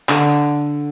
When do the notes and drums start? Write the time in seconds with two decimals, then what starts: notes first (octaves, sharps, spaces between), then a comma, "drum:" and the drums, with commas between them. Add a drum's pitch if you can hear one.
0.09 D3, drum: clap